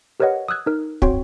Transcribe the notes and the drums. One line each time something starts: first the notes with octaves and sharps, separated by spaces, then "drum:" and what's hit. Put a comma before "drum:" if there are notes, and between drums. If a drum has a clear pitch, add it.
G4 A#4 B4 C#5 D#5 F#5
D#6 E6 F#6 G#6
D#4 A#4
C4 F#4 C#5 G5 C6, drum: kick